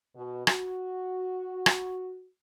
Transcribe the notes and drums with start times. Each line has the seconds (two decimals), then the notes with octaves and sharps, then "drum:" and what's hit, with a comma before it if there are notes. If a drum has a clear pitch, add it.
0.15 B2
0.47 F#4, drum: rim click
1.66 drum: rim click